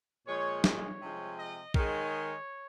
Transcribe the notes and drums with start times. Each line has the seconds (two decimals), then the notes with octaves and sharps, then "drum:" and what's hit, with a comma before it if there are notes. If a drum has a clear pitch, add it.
0.27 A#2 F3 G#3 C#5
0.64 C#5, drum: snare
1.01 C3 F3 G#3
1.38 D#5
1.74 D#3 G#3 C#5, drum: kick A#1